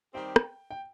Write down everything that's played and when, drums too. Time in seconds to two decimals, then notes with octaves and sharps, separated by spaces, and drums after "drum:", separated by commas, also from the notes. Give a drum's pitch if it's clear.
0.14 D#3 G3 C4 G4 G5
0.36 drum: rim click
0.71 G5